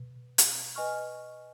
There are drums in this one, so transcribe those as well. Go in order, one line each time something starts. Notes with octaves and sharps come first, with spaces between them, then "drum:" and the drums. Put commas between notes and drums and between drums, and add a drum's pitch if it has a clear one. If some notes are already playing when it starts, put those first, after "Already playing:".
Already playing: B2
drum: hi-hat
B4 D#5 G#5 C#6 F6